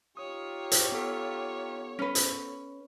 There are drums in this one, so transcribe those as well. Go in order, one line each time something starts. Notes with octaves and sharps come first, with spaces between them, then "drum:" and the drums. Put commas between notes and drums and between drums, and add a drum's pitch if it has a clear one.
D#4 F4 G4 C#5 D#6
drum: hi-hat
B3 A4
C#4 B4
drum: hi-hat